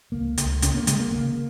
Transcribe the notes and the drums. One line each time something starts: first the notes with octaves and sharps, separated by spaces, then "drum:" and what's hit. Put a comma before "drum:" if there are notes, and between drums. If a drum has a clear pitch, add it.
C#2 A#3
C#2, drum: hi-hat
C#3 C#4, drum: hi-hat
A#3
C#3 G#3, drum: hi-hat
A#3
C#3 A#3